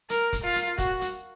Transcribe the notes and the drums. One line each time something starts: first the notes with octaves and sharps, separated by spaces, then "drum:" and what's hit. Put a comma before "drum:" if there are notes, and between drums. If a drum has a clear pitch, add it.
A#4, drum: hi-hat
drum: kick, hi-hat
F4
drum: hi-hat
F#4, drum: kick, hi-hat
drum: hi-hat